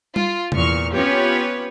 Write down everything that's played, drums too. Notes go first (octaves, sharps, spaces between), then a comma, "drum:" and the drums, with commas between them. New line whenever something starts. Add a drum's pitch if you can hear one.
F4, drum: tom G3
E2 A#2 C#6 F6, drum: tom C3
B3 C#4 F4 G4 B4 C#5